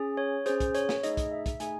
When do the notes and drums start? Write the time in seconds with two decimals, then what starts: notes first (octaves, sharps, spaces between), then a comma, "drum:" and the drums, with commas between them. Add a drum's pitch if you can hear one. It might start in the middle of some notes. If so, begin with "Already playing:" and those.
Already playing: C#4 G#4
0.17 C#5
0.46 C#4 G#4 C5, drum: hi-hat
0.60 drum: kick, hi-hat
0.75 C#5, drum: hi-hat
0.89 drum: snare
1.03 A3 D#4 G#4 D#5, drum: hi-hat
1.17 drum: kick, hi-hat
1.31 E5
1.46 drum: kick, hi-hat
1.60 A3 D#4 G#4 G#5, drum: hi-hat